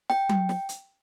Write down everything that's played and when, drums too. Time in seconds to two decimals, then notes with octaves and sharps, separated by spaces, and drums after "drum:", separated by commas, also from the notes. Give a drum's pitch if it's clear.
0.10 G5, drum: snare
0.29 drum: tom F#3
0.49 drum: snare
0.69 drum: hi-hat